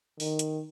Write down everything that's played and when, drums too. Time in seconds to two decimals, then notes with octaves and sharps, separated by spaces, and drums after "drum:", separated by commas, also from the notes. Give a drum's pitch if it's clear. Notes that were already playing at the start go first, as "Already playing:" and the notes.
0.20 D#3, drum: open hi-hat
0.39 drum: hi-hat